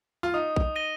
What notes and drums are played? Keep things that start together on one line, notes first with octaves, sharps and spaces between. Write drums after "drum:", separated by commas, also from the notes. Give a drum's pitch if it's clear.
F4
D#4 D#6
drum: kick
A#6 D#7 G7